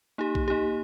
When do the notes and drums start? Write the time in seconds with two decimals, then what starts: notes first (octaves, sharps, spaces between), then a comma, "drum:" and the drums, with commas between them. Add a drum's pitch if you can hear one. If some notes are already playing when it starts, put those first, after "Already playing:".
0.18 A#3 D#4 G4
0.35 drum: kick B1
0.48 A#3 D#4 G4